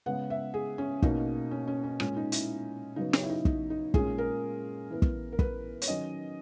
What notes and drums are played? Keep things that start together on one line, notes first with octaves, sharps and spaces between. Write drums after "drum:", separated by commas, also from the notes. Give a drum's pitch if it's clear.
C#3 G#3 B3 F#5
E5
G#4
C#4
B2 A#3 C#4 D#4, drum: kick
C#4
C#4
C#4
A#2 G#3 C#4, drum: rim click
D#4
E4, drum: hi-hat
C#3 F#3 B3 D#4
C#5, drum: snare
E4
D#4
D#4, drum: kick
D#4
A#2 G#3 C#4 G#4, drum: kick
A#4
E3 B3
drum: kick
A#4
B4, drum: kick
C#5, drum: hi-hat
D#3 F#3 C#4 D#5